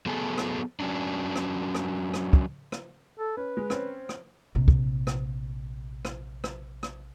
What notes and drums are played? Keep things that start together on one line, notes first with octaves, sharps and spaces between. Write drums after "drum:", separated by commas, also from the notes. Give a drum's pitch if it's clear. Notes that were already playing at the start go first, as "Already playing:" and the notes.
F#3 B3 G#4 A4
drum: rim click
F#3 C#4 D4
drum: rim click
drum: rim click
drum: rim click
drum: kick
drum: rim click
A4
C#4 B4
G#3
C4 C#4, drum: rim click
drum: rim click
A#1 C3
drum: kick
drum: rim click
drum: rim click
drum: rim click
drum: rim click